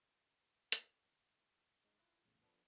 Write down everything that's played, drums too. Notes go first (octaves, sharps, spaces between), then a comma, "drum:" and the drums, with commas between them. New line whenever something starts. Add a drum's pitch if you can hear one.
drum: hi-hat
G#3 D#4
E4 F4 F#6
A#1 E2 A2 C#3
F3 B3 D4 A4 B5